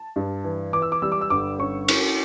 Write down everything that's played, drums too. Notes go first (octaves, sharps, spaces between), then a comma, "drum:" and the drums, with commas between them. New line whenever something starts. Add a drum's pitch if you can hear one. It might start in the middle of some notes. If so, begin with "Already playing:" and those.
Already playing: A5
G2
E3
E3 D6
E6
D6
G3 E6
D6
E6
G1 D6
C#4 C#6
C#4, drum: cymbal